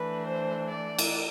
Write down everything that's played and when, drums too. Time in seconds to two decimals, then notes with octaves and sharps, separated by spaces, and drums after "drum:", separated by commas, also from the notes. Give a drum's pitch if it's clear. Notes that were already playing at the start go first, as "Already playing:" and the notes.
Already playing: E3 A3 D4 B4
0.27 C5
0.70 D5
0.99 drum: cymbal